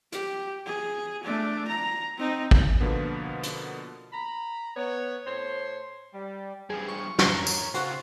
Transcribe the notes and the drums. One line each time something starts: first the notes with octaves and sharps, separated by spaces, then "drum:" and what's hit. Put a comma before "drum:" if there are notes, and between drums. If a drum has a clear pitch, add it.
G4, drum: hi-hat
G#4
A3 D4
A#5
C4 D#4
drum: kick
B2 D3 F3 A#3 B3
drum: hi-hat
A#5 B5
B3 C#5
A2 C5 C#5 C6
G3
G2 F3 G#4
C#6
A#4 C#5, drum: snare
drum: tambourine
C#3 F4 F#4 C5, drum: hi-hat